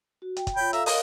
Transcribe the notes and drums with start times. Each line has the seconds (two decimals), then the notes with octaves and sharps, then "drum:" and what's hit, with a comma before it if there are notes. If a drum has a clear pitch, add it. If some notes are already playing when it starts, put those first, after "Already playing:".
0.22 F#4
0.37 G5, drum: hi-hat
0.47 drum: kick, hi-hat
0.56 F4 C#5 G5 B5
0.73 A4 E5 F5 A#5, drum: hi-hat
0.86 A#4 C#5 D#5 F5, drum: open hi-hat